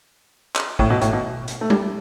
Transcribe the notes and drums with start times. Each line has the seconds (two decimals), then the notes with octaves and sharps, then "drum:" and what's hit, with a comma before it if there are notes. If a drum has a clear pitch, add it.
0.56 drum: clap
0.79 A2, drum: kick
0.90 B2
1.01 A2, drum: hi-hat
1.13 B2
1.48 drum: hi-hat
1.61 A3
1.70 G3, drum: tom G3